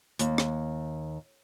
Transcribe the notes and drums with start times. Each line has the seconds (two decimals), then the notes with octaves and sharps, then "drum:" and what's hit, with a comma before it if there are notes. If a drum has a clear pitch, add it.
0.19 D#2, drum: hi-hat
0.38 drum: rim click